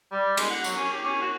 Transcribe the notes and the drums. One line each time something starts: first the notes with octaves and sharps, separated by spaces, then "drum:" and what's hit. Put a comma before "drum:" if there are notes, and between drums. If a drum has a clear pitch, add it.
G3
G#3, drum: cymbal
F#5
F#3, drum: tambourine
C#4
G4
C#4
F#4